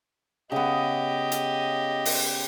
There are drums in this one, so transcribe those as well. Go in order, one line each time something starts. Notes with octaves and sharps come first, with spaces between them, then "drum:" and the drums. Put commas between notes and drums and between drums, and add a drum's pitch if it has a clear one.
C#3 B3 G4 D#5
drum: hi-hat
drum: open hi-hat